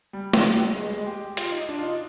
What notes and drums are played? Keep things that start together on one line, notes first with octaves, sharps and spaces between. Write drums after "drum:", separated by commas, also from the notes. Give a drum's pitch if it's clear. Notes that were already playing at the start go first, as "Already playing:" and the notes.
G3
drum: snare
G#3
G#3
G4
F4, drum: hi-hat
D#4
D4
F4
D#4